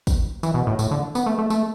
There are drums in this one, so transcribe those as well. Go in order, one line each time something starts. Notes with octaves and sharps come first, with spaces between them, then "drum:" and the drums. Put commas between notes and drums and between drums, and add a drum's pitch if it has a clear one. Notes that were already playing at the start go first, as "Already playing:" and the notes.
drum: kick, tambourine
E3, drum: tambourine
B2
A2
A2, drum: tambourine
D3
B3, drum: tambourine
A3
A3
A3, drum: tambourine